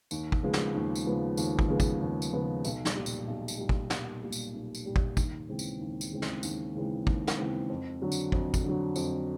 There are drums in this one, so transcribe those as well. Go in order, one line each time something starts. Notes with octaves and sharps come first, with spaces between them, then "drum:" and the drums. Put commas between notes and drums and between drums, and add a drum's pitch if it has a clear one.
D#2, drum: tambourine
drum: kick
C#3 F3 G#3 B3
drum: snare
D#2
drum: tambourine
C#3 F3 G#3 B3
D#2, drum: tambourine
drum: kick
C#3 F3 G#3 B3
drum: kick, tambourine
D#2
drum: tambourine
C#3 F3 G#3 B3
B1, drum: tambourine
drum: snare
A#2 G3
drum: tambourine
B1
drum: tambourine
A#2 G3
drum: kick
B1, drum: snare
A#2 G3
drum: tambourine
B1
drum: tambourine
A#2 G3
drum: kick
D#2, drum: kick, tambourine
C#3 E3 G#3 C4
drum: tambourine
D#2
drum: tambourine
C#3 E3 G#3 C4
drum: snare
D#2, drum: tambourine
C#3 E3 G#3 C4
D#2, drum: kick
drum: snare
C#3 E3 G#3 C4
F2
D3 F#3
drum: tambourine
F2, drum: kick
drum: kick, tambourine
D3 F#3
F2, drum: tambourine